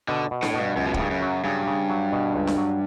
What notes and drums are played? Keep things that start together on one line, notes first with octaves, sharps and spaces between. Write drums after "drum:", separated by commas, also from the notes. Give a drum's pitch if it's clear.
B2 D3
B2
A2, drum: snare D4
B2
G2
C#2 F#2
B2
A2, drum: kick
G2 C#3
F#2
F#3
G2 C#3
C#3
F#3
B2
C#2
drum: snare D4
F#3